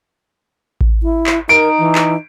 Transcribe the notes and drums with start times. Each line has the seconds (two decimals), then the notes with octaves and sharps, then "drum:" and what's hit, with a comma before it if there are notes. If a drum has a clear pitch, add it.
0.81 drum: kick A1
1.03 E4
1.26 drum: clap
1.49 D#4 A#4 D7
1.79 E3
1.95 drum: clap